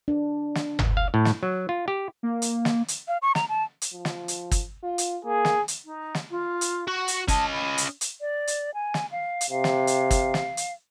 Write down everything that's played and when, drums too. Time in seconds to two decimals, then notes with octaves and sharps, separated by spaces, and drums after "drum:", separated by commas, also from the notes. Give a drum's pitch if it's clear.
0.08 D4
0.55 drum: snare
0.79 drum: tom G1
0.97 F5
1.14 A2
1.25 drum: snare
1.43 F#3
1.69 F4
1.88 G4
2.23 A#3
2.42 drum: hi-hat
2.65 drum: snare
2.88 drum: hi-hat
3.08 F5
3.22 C#6
3.35 A#5, drum: snare
3.49 A5
3.82 drum: hi-hat
3.93 F3
4.05 drum: snare
4.28 drum: hi-hat
4.51 drum: kick, hi-hat
4.83 F4
4.98 drum: hi-hat
5.24 A#3 G#4
5.45 drum: snare
5.68 drum: hi-hat
5.85 D#4
6.15 drum: snare
6.30 F4
6.61 drum: hi-hat
6.88 F#4 C#6
7.08 drum: hi-hat
7.28 C#4 D#5 A5, drum: kick, hi-hat
7.51 B5
7.78 drum: hi-hat
8.01 drum: hi-hat
8.21 D5
8.47 drum: hi-hat
8.74 G#5
8.94 drum: snare
9.12 F5
9.41 drum: hi-hat
9.51 C3 F5
9.64 drum: snare
9.87 drum: hi-hat
10.11 drum: kick, hi-hat
10.34 drum: snare
10.57 drum: hi-hat